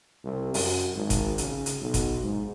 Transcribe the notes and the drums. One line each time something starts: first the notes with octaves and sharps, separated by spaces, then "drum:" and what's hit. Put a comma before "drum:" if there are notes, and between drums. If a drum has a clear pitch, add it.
C2
F#2, drum: open hi-hat
G#1
drum: kick G1, hi-hat
C#3, drum: hi-hat
drum: hi-hat
B1
drum: kick G1, hi-hat
G#2